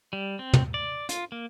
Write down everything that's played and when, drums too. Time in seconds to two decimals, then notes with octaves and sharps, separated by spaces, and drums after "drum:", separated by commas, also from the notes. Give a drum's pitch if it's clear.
0.13 G3
0.39 C4
0.53 drum: tom
0.74 D5
1.09 F4, drum: hi-hat
1.32 A#3